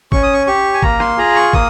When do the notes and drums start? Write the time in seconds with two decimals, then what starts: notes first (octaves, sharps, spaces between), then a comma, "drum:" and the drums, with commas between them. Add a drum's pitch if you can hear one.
0.12 C#4 C#6, drum: kick
0.23 D#6
0.33 C#6
0.47 G4 C#6
0.74 G#5
0.82 A#3 A#5, drum: kick
1.00 C6, drum: rim click
1.18 F4 G#4 A#5
1.36 C#6
1.53 A#3 D#6, drum: kick